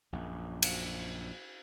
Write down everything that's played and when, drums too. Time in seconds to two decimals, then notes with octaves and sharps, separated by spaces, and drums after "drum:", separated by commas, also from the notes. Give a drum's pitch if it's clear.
0.13 A#1 F#2
0.63 drum: cymbal